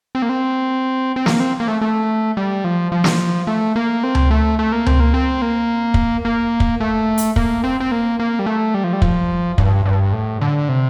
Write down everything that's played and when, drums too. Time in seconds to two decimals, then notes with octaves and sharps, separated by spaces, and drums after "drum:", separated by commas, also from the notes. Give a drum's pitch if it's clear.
0.15 C4
0.22 A#3
0.29 C4
1.16 C4
1.26 A#3, drum: snare
1.40 C4
1.60 A#3
1.68 A3
1.81 A3
2.37 G3
2.64 F3
2.92 F3
3.04 drum: snare
3.47 A3
3.76 A#3
4.04 C4
4.15 drum: tom C#2
4.31 A3
4.59 A3
4.72 A#3
4.86 C4, drum: tom C#2
5.00 A#3
5.14 C4
5.42 A#3
5.94 drum: kick
6.25 A#3
6.60 drum: kick
6.80 A3
7.18 drum: hi-hat
7.36 A#3, drum: kick
7.64 C4
7.80 C4
7.92 A#3
8.20 A#3
8.39 G3
8.46 A3
8.74 G3
8.84 F3
8.93 G3
9.02 F3, drum: kick
9.58 G2, drum: kick
9.86 G2
10.13 A2
10.41 D3
10.69 C3